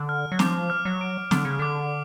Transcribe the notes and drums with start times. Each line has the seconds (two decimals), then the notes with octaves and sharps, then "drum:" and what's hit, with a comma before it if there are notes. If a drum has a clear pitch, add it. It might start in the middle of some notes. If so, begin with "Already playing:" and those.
Already playing: D3
0.09 F6
0.32 F#3
0.39 F3 D6, drum: snare
0.70 F6
0.85 F#3
1.01 D7
1.31 D3 D6, drum: snare
1.45 C#3
1.59 D3 D6